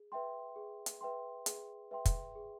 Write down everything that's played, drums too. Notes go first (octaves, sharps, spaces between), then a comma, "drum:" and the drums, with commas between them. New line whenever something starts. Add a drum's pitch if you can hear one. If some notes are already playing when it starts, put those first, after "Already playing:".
Already playing: G#4
B4 E5 G5 C6
G#4
drum: hi-hat
B4 E5 G5 C6
G#4, drum: hi-hat
B4 E5 G5 C6
drum: kick, hi-hat
G#4